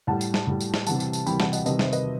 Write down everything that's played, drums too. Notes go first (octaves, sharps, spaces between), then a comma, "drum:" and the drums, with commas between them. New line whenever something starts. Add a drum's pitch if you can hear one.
A2 G3 F#5 A5
drum: tambourine
drum: snare
A2 G3
drum: tambourine
drum: snare
C3 E3 G3 F#5 A5, drum: tambourine
drum: tambourine
drum: tambourine
C3 E3 G3 G5 B5, drum: tambourine
F#5 A5, drum: snare
D#5 F#5, drum: tambourine
C3 D#3 G3 B4 D#5, drum: tambourine
C5 E5, drum: snare
B4 D#5, drum: tambourine